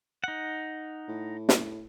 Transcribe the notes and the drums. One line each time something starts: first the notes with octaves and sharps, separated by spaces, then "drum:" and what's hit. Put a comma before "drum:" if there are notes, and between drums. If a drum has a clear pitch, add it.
D#4 F#5
A2
drum: snare